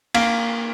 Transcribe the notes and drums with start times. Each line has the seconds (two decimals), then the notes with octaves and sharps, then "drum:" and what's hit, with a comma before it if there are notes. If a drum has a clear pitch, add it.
0.14 A#3, drum: cymbal